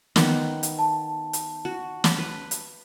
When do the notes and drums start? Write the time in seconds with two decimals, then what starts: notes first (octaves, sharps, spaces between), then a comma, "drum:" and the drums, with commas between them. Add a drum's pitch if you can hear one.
0.16 D#3 B3, drum: snare
0.63 drum: hi-hat
0.79 A5
1.33 drum: hi-hat
1.65 F#4
2.04 drum: snare
2.19 B4
2.51 drum: hi-hat